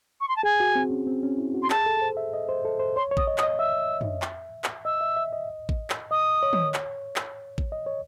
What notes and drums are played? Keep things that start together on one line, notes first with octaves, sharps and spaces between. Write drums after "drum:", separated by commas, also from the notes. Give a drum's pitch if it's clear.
C#6
C6
A5
G#4 G#5
F#4
C4
C#4
C4
C#4
E4
F#4
C6
G#4 A5, drum: clap
A4
A4
C5
E5
D#5
C5
A4
C5
C#5 C6
C#5
D#6, drum: kick A1
D#5
D#6, drum: clap
D#5
E5 E6
drum: tom
drum: clap
drum: clap
D#5 E6
E5
E5
D#5
drum: kick A1
drum: clap
D#5 D#6
C#5
drum: tom
drum: clap
drum: clap
drum: kick A1
D#5
C#5